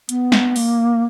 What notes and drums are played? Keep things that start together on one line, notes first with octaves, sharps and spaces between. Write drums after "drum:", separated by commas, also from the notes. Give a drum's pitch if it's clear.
B3, drum: hi-hat
drum: snare
A#3, drum: open hi-hat